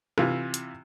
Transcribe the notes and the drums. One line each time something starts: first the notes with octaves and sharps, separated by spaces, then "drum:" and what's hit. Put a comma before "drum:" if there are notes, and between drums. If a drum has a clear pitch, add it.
C3 E3 F4, drum: rim click
drum: hi-hat